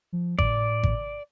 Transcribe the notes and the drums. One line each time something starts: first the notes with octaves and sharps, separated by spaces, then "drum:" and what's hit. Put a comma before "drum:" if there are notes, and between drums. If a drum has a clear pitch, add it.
F3
A2 D5, drum: kick G#1
drum: kick G#1